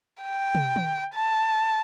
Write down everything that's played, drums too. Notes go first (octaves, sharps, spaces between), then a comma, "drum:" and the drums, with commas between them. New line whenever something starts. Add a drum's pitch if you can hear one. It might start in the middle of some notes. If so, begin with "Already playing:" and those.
G5
drum: tom
drum: tom
A5